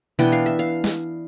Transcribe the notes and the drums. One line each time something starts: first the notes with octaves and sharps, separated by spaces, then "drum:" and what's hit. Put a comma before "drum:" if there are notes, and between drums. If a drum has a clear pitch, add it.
E3 B3 D4 G5, drum: tom B2
F5
E5
F5
drum: snare